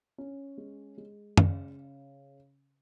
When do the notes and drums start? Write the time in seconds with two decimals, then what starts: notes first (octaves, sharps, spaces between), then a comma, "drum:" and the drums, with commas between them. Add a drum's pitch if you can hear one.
0.18 C#4
0.58 G#3
0.98 G#3
1.37 C#3, drum: tom